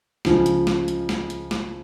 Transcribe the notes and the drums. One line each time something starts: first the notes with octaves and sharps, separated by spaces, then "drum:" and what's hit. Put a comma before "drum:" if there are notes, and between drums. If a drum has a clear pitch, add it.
C#2 C#3 F3, drum: snare
drum: hi-hat
drum: snare
drum: hi-hat
drum: snare
drum: hi-hat
drum: snare